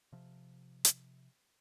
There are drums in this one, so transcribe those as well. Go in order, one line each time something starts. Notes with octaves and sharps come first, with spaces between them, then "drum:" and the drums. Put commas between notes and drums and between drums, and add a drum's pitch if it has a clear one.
C3 F3
drum: hi-hat